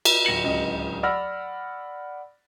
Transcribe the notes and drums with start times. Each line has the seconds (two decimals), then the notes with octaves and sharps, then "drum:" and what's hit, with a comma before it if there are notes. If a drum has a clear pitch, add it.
0.05 drum: cymbal
0.25 D1 A#6 C#7 F#7
0.44 D1 C#2 D#5
1.03 D5 F#5 B5 E6 F6 A#6